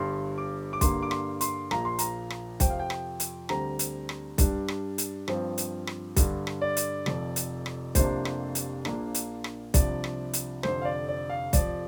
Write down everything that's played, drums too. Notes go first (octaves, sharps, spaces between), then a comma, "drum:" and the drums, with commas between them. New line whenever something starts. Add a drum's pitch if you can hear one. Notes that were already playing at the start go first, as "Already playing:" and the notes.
Already playing: G1 G2 G3 C6
D6
D6
G2 D3 G3 A#3 C6, drum: kick B1, hi-hat
D6
C6, drum: rim click
C6, drum: hi-hat
A#1 A#2 F3 A#3 A#5, drum: rim click
C6
A#5, drum: hi-hat
drum: rim click
F2 C3 F3 C4 G5, drum: kick B1, hi-hat
F5
G5
drum: rim click
drum: hi-hat
D2 D3 G3 C4 A#5, drum: rim click
drum: hi-hat
drum: rim click
G2 G3 D4, drum: kick B1, hi-hat
drum: rim click
drum: hi-hat
G2 F3 C4, drum: rim click
drum: hi-hat
drum: rim click
G2 D3 G3, drum: kick B1, hi-hat
drum: rim click
D5
drum: hi-hat
F1 F2 F3, drum: rim click
drum: hi-hat
drum: rim click
F1 F2 C3 A#3 D4 C5, drum: kick B1, hi-hat
drum: rim click
drum: hi-hat
A#1 A#2 A#3 D4, drum: rim click
drum: hi-hat
drum: rim click
C2 C3 F3 D4 D5, drum: kick B1, hi-hat
drum: rim click
drum: hi-hat
F1 F2 D3 C5, drum: rim click
F5
D5
D5
F5
F1 F2 F3 D5, drum: kick B1, hi-hat